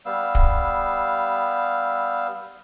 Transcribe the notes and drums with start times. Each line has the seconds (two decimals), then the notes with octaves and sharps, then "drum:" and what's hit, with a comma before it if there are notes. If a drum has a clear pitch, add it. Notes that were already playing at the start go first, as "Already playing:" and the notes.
0.06 G3 B3 F5 E6
0.35 drum: kick